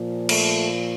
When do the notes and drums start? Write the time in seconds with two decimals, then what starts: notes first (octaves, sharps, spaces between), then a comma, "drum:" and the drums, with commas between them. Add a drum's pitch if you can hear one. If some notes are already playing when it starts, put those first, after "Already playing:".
Already playing: A#2 F3
0.29 A3, drum: cymbal